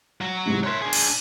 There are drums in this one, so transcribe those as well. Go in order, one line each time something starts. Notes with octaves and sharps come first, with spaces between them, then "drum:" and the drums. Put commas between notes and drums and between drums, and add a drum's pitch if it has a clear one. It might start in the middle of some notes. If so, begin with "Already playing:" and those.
F#3 F#4
E2 G#2 C3
A#4 C#5 E5 C6 F#6
D4 G#4
drum: cymbal